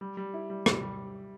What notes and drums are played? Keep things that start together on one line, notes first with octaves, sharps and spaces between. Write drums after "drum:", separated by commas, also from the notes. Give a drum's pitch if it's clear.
G3
G3
E4
G3
G3, drum: rim click
G3